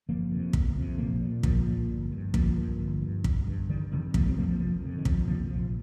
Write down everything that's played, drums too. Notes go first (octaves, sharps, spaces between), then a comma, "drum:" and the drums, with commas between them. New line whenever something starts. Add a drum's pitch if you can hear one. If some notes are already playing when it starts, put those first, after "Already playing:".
G1 F3 A#3
F2 C3
G1, drum: kick
F2 C3
A#1 F3 A#3
A#2
A#1 F3 A#3, drum: kick
A#2
G1
G2
G1 F3 A#3, drum: kick
G2
G1
G2
G1, drum: kick
G2
G1 D#3 G3
F2 C3 D#3 G3
G1 F3 A#3, drum: kick
G3 C4
F2 C3 F3 A#3
F3 A#3
F1 F3
F2 C3
D#3
F1 F3, drum: kick
F2 C3 F3 A#3
A#1 F3